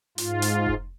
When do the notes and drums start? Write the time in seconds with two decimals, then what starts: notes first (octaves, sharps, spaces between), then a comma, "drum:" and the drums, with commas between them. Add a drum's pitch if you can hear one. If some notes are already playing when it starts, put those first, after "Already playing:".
0.18 G#2 F4, drum: hi-hat
0.42 drum: hi-hat
0.66 drum: kick F1